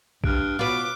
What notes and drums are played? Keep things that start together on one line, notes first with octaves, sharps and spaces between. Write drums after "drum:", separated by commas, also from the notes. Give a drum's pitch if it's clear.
G2 F6 F#6 D7, drum: kick A#1
B2 F4 B4 D6